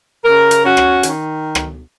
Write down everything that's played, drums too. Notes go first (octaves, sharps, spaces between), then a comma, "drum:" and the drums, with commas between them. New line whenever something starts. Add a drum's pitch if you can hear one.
C#3 A#4
drum: hi-hat
C#4 F#4
drum: rim click
D#3, drum: hi-hat
drum: rim click